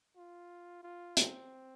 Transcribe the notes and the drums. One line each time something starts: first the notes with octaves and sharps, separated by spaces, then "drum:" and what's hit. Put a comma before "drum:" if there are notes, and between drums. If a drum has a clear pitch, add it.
F4
F4
C4, drum: hi-hat